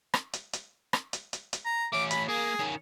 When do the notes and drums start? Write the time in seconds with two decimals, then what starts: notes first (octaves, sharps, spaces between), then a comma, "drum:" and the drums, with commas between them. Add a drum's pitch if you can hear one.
0.14 drum: rim click
0.33 drum: hi-hat
0.53 drum: hi-hat
0.93 drum: rim click
1.13 drum: hi-hat
1.33 drum: hi-hat
1.53 drum: hi-hat
1.65 A#5
1.93 A3 C#4 D6
2.11 B5, drum: hi-hat
2.28 A#3 G#4
2.59 D#3 C#4